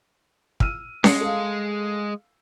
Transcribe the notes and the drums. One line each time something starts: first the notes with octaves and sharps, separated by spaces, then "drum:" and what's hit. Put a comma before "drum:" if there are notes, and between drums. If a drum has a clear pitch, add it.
E6 F6 D#7, drum: kick
G#3 C7 C#7, drum: snare C#4
A4 F5